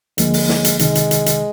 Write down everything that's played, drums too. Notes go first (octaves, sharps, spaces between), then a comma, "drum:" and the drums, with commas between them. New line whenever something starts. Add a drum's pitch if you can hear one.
D2 D3 F3 G#3 A#3, drum: hi-hat
drum: open hi-hat
drum: snare
drum: hi-hat
C2 C3 D#3 G#3, drum: hi-hat
drum: hi-hat
drum: hi-hat
drum: hi-hat